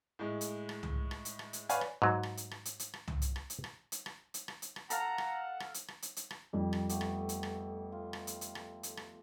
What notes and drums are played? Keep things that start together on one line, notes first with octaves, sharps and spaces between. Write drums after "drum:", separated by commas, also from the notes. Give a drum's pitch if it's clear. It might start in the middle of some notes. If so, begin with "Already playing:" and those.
A2 G#3
drum: hi-hat
drum: rim click
drum: tom
drum: rim click
drum: hi-hat
drum: rim click
drum: hi-hat
B4 C#5 D5 F5 G#5, drum: hi-hat
drum: rim click
G#2 F#3
drum: rim click
drum: hi-hat
drum: rim click
drum: hi-hat
drum: hi-hat
drum: rim click
drum: tom
drum: hi-hat
drum: rim click
drum: hi-hat
drum: rim click
drum: hi-hat
drum: rim click
drum: hi-hat
drum: rim click
drum: hi-hat
drum: rim click
A4 F5 F#5 A#5, drum: hi-hat
drum: rim click
drum: rim click
drum: hi-hat
drum: rim click
drum: hi-hat
drum: hi-hat
drum: rim click
F2 G3
drum: rim click
A3 B3 G4, drum: hi-hat
drum: rim click
drum: hi-hat
drum: rim click
F4
drum: rim click
drum: hi-hat
drum: hi-hat
drum: rim click
drum: hi-hat
drum: rim click